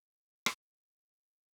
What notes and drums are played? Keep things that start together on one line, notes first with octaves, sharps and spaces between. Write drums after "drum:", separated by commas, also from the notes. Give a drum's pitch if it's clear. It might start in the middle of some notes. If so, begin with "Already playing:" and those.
Already playing: F2
drum: rim click
C#3